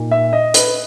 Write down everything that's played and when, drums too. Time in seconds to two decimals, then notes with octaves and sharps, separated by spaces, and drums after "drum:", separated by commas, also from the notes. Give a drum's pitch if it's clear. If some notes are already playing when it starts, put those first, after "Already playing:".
Already playing: A#2 A#3 D#4
0.11 E5
0.33 D#5
0.54 B4, drum: hi-hat